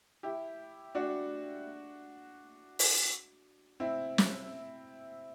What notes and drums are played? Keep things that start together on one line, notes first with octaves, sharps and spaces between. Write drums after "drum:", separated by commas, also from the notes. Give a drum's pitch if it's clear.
E4 G4
D4 F#4
drum: open hi-hat
C4 E4
drum: snare